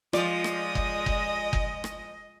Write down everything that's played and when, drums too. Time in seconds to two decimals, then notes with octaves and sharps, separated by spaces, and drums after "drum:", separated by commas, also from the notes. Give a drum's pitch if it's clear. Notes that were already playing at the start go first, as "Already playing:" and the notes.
0.13 F3 G#3 F4 D5 D#5 D#6, drum: rim click
0.44 drum: rim click
0.75 drum: kick F#1
1.06 drum: kick F#1
1.53 drum: kick F#1
1.84 drum: rim click